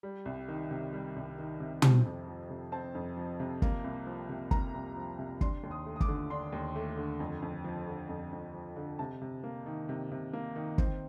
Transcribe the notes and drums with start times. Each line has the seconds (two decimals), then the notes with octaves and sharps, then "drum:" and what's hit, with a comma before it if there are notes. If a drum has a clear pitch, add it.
0.03 G3
0.25 C2
0.48 D#3
0.71 C3
0.93 G3
1.16 C2
1.39 D#3
1.60 C3
1.82 C4 A5, drum: tom
2.05 F2
2.28 F3
2.50 C3
2.72 C4 A5
2.95 F2
3.17 F3
3.40 C3
3.62 A#3, drum: kick
3.84 C2
4.06 F3
4.29 C3
4.51 A#3 A#5, drum: kick
4.74 C2
4.96 F3
5.19 C3
5.41 D4 C6, drum: kick
5.63 D#2
5.71 D#6
5.86 A3
5.96 D#6
6.00 D6, drum: kick
6.08 D3
6.30 D4 C6
6.52 D#2
6.76 A3
6.97 D3
7.20 F2
7.42 F2
7.64 F3
7.88 D3
8.09 F2
8.32 F2
8.54 F3
8.76 D3
8.99 C3 A5
9.21 C3
9.44 A#3
9.66 D#3
9.89 C3
10.11 C3
10.33 A#3
10.56 D#3
10.78 C4, drum: kick